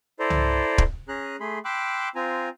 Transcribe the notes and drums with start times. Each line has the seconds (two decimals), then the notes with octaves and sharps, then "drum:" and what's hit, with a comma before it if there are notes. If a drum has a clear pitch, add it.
0.20 E4 A4 C5 D5 A#5 C6
0.30 drum: tom C2
0.78 drum: kick
1.09 C#4 G#4 A#5 F#6
1.40 A3 G#4 B5 C6
1.65 G5 B5 C6 D6 E6 F#6
2.15 C4 F4 G#5 A#5